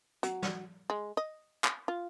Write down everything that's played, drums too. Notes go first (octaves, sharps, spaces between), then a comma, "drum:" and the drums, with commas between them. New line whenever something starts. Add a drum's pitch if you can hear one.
F#3, drum: hi-hat
drum: snare
G#3
D#5
drum: clap
F4